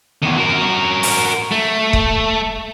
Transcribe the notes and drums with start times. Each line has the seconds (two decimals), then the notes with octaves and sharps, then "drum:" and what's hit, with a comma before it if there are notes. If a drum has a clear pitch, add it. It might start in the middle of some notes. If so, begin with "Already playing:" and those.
0.22 E2 D#3
0.37 F#4 A#4
1.03 drum: open hi-hat
1.52 A3
1.93 drum: kick